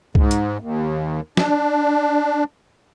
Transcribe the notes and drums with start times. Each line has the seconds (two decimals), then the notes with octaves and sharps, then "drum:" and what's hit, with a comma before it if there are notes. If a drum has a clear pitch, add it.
0.15 G#2, drum: kick C2
0.31 drum: hi-hat
0.60 D#2
1.37 D4, drum: snare